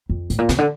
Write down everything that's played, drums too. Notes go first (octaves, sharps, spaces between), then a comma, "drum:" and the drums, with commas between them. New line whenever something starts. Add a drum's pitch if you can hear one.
F2
A2, drum: hi-hat
A#2
C3, drum: snare
D3